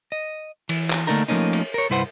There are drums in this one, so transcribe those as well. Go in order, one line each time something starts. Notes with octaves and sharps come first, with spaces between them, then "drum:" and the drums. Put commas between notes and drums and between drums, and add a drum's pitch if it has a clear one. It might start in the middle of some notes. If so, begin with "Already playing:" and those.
D#5
E3, drum: cymbal
drum: clap
D3 A3 A#3 D4 D#4 A#4
F3 A3 A#3 C#4 D#4
drum: cymbal
A#4 C#5
C2 G2 E4 B4 C5 F#5